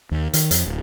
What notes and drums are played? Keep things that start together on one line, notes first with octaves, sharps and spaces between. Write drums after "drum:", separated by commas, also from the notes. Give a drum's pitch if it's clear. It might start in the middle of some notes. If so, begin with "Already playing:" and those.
D#2
D#3, drum: hi-hat
F2, drum: hi-hat
D1